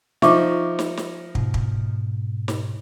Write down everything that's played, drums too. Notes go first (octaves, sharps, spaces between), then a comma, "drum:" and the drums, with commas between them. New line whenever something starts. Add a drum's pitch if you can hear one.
F3 D#4 E5 C#6 D6, drum: snare
drum: snare
drum: snare
G#2 B2, drum: kick
drum: kick
drum: snare